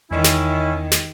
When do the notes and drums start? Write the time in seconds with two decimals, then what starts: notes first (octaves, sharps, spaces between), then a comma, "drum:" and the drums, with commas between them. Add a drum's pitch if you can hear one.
0.11 E2 D#3 C#4 E4 D#5
0.24 drum: snare
0.92 drum: snare